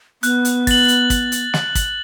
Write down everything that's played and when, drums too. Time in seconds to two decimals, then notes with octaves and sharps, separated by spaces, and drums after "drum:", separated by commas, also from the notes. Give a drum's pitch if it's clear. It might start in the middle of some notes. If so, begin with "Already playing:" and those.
0.23 B3 F#6, drum: hi-hat
0.45 drum: hi-hat
0.67 A6 F#7, drum: kick, open hi-hat
0.88 drum: hi-hat
1.10 drum: kick, hi-hat
1.32 drum: hi-hat
1.54 drum: snare
1.75 drum: kick, hi-hat